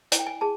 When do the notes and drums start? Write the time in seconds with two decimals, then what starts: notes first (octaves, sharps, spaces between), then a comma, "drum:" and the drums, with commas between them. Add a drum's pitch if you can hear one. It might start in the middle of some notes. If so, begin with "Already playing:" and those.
0.12 E4 G#5, drum: hi-hat
0.19 G5
0.26 G#5
0.41 G#4 A5